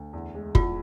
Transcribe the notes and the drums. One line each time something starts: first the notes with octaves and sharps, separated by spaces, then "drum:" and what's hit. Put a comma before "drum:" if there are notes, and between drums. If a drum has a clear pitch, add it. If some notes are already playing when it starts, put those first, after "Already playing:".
Already playing: D2
E2
G#3
E2 F4, drum: kick